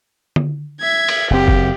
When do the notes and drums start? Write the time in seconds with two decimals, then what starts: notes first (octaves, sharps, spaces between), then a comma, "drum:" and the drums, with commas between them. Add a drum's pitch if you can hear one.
0.36 drum: tom D3
0.81 E5 G#6
1.08 drum: cymbal
1.30 F#1 C4 G4
1.48 drum: kick F#1